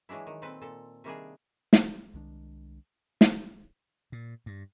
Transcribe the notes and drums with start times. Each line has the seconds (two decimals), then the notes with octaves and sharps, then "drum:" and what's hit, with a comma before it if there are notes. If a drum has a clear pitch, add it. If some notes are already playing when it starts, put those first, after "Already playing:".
0.09 E3 F#3 G#3 D4 E4
0.27 D#3
0.42 A#2 C4 A4 B4
0.62 A#2 A4
1.04 C3 D#3 G3 A#3 D4 G#4
1.73 drum: snare
2.14 C2 D#3 G#3 D4
3.21 drum: snare
4.12 A#2
4.46 G2